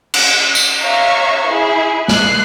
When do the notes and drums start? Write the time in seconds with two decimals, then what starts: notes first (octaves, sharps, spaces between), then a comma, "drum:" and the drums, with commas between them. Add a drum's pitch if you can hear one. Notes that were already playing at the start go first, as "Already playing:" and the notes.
0.14 drum: cymbal
0.55 drum: tambourine
0.81 C#5 E5 F5 A#5 C#6
1.48 E4 G#4
2.08 F#6 C7, drum: snare